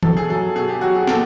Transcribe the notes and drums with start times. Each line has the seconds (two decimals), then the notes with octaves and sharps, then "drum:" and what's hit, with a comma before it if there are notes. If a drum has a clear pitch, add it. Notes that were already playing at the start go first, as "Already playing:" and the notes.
0.03 B2 A4, drum: tom E3
0.17 G#4
0.29 F#3 A4
0.55 B2 G#4
0.68 G4
0.81 F#3 F#4
0.95 G#4
1.08 A#2 A4, drum: snare